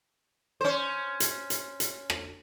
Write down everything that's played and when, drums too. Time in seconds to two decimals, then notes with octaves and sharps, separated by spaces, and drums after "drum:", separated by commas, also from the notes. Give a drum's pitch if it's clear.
0.61 C#4 C5
1.20 drum: hi-hat
1.50 drum: hi-hat
1.80 drum: hi-hat
2.10 drum: rim click